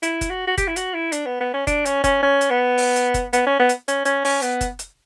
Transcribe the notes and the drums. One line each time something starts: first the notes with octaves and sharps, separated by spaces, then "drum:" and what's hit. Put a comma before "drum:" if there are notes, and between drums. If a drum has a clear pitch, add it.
E4, drum: hi-hat
drum: kick F#1, hi-hat
F#4
F#4
G4, drum: kick F#1, hi-hat
E4
F#4, drum: hi-hat
E4
D4, drum: hi-hat
B3
B3
C#4
D4, drum: kick F#1, hi-hat
C#4, drum: hi-hat
C#4, drum: kick F#1, hi-hat
C#4
drum: hi-hat
B3
drum: open hi-hat
drum: hi-hat
drum: kick F#1, hi-hat
B3, drum: hi-hat
C#4
B3
drum: hi-hat
C#4, drum: hi-hat
C#4, drum: hi-hat
C#4, drum: open hi-hat
B3, drum: hi-hat
drum: kick F#1, hi-hat
drum: hi-hat